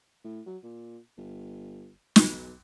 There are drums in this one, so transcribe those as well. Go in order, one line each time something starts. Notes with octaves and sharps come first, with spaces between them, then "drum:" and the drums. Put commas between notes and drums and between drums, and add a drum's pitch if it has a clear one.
A2
F#3
A#2
G1
B1, drum: snare